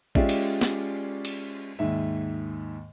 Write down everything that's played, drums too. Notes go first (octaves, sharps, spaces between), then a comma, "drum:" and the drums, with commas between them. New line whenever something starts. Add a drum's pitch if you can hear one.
G#3 C#4 F4 G4 D5 E5, drum: kick A1
drum: cymbal
drum: snare
drum: cymbal
D#2 G#2 E5